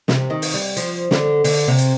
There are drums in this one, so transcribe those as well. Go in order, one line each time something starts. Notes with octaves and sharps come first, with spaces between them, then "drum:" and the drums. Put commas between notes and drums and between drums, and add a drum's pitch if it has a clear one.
C3, drum: snare
D#3
drum: open hi-hat
G3
F3, drum: hi-hat
D3, drum: snare
D3, drum: open hi-hat
C3
drum: hi-hat